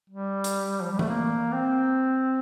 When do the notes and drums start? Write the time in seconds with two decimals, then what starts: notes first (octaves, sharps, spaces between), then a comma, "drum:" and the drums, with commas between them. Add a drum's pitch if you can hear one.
0.10 G3
0.44 drum: hi-hat
0.82 F3
0.92 G3
0.99 A3, drum: tom E3
1.09 A#3
1.52 C4